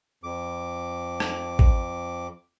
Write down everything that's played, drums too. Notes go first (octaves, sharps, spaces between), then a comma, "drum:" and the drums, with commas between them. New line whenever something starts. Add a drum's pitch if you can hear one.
F2 D6
drum: rim click
drum: kick A1